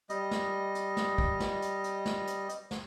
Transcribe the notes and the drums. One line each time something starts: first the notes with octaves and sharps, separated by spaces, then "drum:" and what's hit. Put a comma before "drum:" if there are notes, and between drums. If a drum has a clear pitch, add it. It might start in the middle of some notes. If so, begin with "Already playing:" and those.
G3 D#5, drum: hi-hat
drum: snare
drum: hi-hat
drum: snare
drum: kick
drum: snare
drum: hi-hat
drum: hi-hat
drum: snare
drum: hi-hat
drum: hi-hat
drum: snare